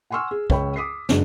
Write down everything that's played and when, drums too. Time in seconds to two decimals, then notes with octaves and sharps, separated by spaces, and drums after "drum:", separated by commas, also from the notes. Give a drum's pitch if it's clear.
0.10 F#5 G#5 C6 C#6 E6 F6
0.31 G#4
0.50 C#2 C#5 G5 B5, drum: kick
0.76 D6 D#6 B6 C7
1.09 F#1 F#2 G#3 D4, drum: snare